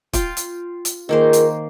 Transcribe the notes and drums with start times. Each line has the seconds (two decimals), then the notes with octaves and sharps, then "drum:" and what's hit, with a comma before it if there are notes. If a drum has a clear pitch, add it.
0.13 F4 F5 G5, drum: kick, hi-hat
0.37 drum: hi-hat
0.85 drum: hi-hat
1.09 D#3 A#3 F4 G#4 A#4 C5
1.33 drum: hi-hat